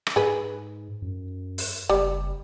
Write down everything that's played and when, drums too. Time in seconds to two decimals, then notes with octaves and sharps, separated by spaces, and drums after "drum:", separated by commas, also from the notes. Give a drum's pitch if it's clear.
0.07 drum: rim click
0.16 G#2 G#4 B4
1.02 F#2
1.58 drum: open hi-hat
1.90 F#1 G3